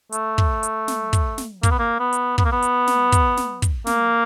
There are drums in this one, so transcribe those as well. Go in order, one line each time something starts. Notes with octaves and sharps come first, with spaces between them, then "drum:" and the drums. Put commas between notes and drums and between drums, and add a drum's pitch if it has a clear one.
A3, drum: hi-hat
drum: kick
drum: hi-hat
drum: snare
drum: kick, hi-hat
drum: snare
A#3, drum: kick, hi-hat
B3
A#3
B3
drum: hi-hat
B3, drum: kick
A#3
B3
drum: hi-hat
drum: snare
drum: kick, hi-hat
drum: snare
drum: kick, hi-hat
A#3, drum: snare